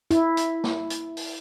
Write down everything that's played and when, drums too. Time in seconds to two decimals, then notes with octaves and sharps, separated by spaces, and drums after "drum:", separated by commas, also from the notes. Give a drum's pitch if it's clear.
0.11 E4, drum: hi-hat
0.37 drum: hi-hat
0.64 drum: snare
0.90 drum: hi-hat
1.17 drum: open hi-hat